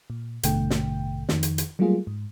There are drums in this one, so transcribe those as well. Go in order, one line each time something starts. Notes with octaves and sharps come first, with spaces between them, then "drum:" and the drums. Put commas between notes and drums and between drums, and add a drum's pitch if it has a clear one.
A#2
A1 G2 B2 D3 A3 G5, drum: hi-hat
drum: snare
F2 D#3, drum: snare
drum: hi-hat
drum: hi-hat
F#3 G3 A3 A#3 F4 G#4
G#2